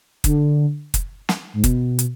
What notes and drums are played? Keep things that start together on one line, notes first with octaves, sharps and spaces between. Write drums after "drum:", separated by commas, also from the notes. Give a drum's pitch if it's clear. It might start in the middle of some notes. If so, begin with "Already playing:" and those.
D3, drum: kick, hi-hat
drum: kick, hi-hat
drum: snare
G#2
B2, drum: kick, hi-hat
drum: hi-hat